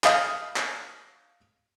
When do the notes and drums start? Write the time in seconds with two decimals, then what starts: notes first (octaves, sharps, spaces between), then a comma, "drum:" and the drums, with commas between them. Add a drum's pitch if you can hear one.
0.04 D#5 F5 D#6, drum: clap
0.56 drum: clap